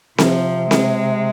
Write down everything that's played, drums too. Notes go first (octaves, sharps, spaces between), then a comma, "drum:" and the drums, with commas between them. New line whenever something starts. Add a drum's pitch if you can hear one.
C3 F3, drum: snare C4
G#3, drum: snare C4